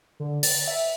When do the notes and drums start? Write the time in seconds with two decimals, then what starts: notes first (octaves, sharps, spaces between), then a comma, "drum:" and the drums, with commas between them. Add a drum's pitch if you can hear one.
0.20 D3
0.43 A6, drum: open hi-hat
0.67 E5